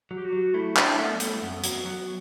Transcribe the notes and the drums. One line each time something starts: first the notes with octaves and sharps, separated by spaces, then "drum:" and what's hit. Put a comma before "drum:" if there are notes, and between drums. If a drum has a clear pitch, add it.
F#3
G4
F#4
F#3
A3 E4
D4 E4, drum: clap
A3 B3
F#3
G3 A3, drum: hi-hat
C4
F#2 B3
F#3, drum: hi-hat
F#3